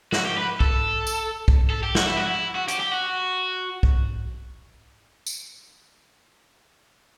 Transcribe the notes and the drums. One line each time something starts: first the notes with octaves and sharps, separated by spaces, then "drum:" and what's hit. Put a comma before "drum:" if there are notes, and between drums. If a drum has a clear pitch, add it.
F#4, drum: snare
G4
B4
A4, drum: kick
drum: tambourine
drum: kick
A4
G4
F#4, drum: snare
E4
F#4
E4
F#4
G4, drum: hi-hat
G4
F#4
drum: kick
drum: tambourine